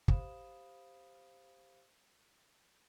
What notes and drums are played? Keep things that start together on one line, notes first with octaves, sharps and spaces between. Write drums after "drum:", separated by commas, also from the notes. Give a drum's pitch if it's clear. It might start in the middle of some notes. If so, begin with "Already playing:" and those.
G4 C5 F5 B5 D#6 E7, drum: kick